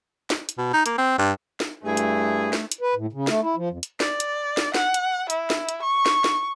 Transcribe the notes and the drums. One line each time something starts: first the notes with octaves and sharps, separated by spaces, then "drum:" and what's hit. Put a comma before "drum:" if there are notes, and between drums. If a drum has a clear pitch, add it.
drum: snare
drum: hi-hat
B2
D#4
A#3, drum: hi-hat
C4
G2
drum: snare
G2 A3 E4 G#4
drum: hi-hat
drum: snare
drum: hi-hat
B4
A2
C#3
A3, drum: snare
E4
F3
F2
drum: hi-hat
D5, drum: snare
drum: hi-hat
drum: snare
F#5, drum: snare
drum: hi-hat
E4, drum: hi-hat
drum: snare
drum: hi-hat
C#6
drum: snare
drum: snare